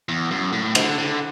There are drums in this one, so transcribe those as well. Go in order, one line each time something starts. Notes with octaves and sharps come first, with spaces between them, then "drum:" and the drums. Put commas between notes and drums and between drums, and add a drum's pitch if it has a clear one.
E2
F#2
A2
D3, drum: cymbal
D3